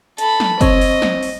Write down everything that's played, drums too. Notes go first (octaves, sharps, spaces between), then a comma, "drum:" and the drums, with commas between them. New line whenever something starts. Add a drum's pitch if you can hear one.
A4 B5, drum: hi-hat
drum: snare
C4 C#5 D#5, drum: kick, hi-hat
drum: open hi-hat
drum: snare
drum: open hi-hat